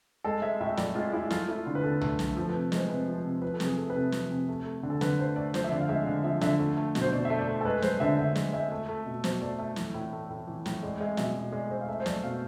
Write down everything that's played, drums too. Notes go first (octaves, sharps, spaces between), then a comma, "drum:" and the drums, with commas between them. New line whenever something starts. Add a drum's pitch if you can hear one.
G#3 A4
G#3 E5
A2 E5
A2 D5, drum: snare
G#3 F4
G#3 E4
A3 F4, drum: snare
A3 E4
D3 F4
B4
D3 A4
A3, drum: tom
A3, drum: snare
F3 A4
B4
C3
G#3 C5, drum: snare
C3 B4
F3
C3
F3 B4
A4
C3, drum: snare
G#4
A3 A4
B4
C3 A4
F3, drum: snare
C3
A3
A3
D3
A4
D3 B4, drum: snare
A3 C5
A3 D5
F3 C5, drum: snare
E5
D3 D5
F5
G#3 E5
D3
F3 E5
D3 E5, drum: snare
A3
A3
B2, drum: snare
C5
B2 D5
E5
A3
D5
A3
A4
G#3 B4
G#3 C5, drum: snare
D3 E5
D3 E5
G#3, drum: snare
G#3 E5
A3
A3
B2
B2 C5, drum: snare
A3 D5
A3 E5
E3, drum: snare
A2
A3
A2
E3
A2, drum: snare
G#3 D5
G#3 E5
B2 E5, drum: snare
B2
G#3 D5
G#3 C5
F5
A3 E5
C5
A3 D5, drum: snare
B2 F5